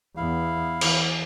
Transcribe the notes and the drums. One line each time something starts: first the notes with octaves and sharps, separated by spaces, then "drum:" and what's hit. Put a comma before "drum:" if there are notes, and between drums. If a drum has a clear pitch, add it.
E2 B3 E4 F5
E3, drum: cymbal